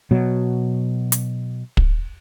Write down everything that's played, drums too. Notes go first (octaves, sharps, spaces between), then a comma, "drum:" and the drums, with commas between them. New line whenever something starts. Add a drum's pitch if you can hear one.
B2 F#3
drum: hi-hat
drum: kick